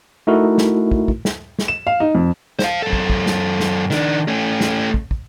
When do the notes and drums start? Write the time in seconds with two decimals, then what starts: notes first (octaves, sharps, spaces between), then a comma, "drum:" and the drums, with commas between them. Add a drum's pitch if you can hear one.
0.27 A3 D#4 E4 F#4 A#4
0.58 drum: snare
0.91 drum: kick
1.08 drum: kick
1.25 drum: snare
1.59 drum: snare
1.68 E7
1.87 F5
2.00 D#4
2.15 F2
2.59 C5 F5, drum: snare
2.83 F#2 A4
2.93 drum: kick
3.10 drum: kick
3.26 drum: snare
3.60 drum: snare
3.90 D#3 D4, drum: snare
4.28 A3 C#4
4.61 drum: snare
4.94 drum: kick
5.11 drum: kick